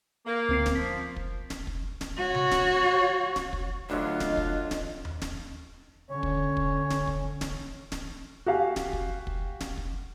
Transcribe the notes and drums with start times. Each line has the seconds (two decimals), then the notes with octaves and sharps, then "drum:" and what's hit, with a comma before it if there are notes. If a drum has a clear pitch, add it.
0.26 A#3
0.49 D2 C4 C7
0.66 drum: snare
0.75 F3 B6
1.16 drum: kick
1.50 drum: snare
1.67 drum: kick
2.01 drum: snare
2.17 F#4 C#5
2.35 drum: tom C3
2.51 drum: snare
3.36 drum: snare
3.53 drum: kick
3.90 D2 D3 F#3 D4 F4 D#5
4.20 drum: snare
4.37 drum: kick
4.71 drum: snare
5.05 drum: tom D#2
5.22 drum: snare
6.10 D3 C#4 C#5
6.23 drum: kick
6.57 drum: kick
6.90 drum: snare
7.07 drum: kick
7.41 drum: snare
7.92 drum: snare
8.46 F#4 G4 F5 G#5
8.76 drum: snare
8.93 drum: kick
9.27 drum: kick
9.61 drum: snare
9.77 drum: kick